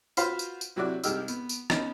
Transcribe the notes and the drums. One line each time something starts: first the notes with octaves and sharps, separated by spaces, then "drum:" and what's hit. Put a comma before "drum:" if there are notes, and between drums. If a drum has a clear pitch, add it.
F4 F#4 B4 C5 F5, drum: tambourine
drum: tambourine
drum: tambourine
C3 F#3 E4 F#4 D5 F#6
C2 G#3 D#4 G4 E6 F6, drum: tambourine
B3, drum: tambourine
drum: tambourine
B3 C#4 D#4, drum: rim click